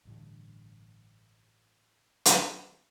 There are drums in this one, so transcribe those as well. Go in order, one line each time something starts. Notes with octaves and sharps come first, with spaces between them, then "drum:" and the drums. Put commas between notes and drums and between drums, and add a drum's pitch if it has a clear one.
A1 G2 D3
drum: hi-hat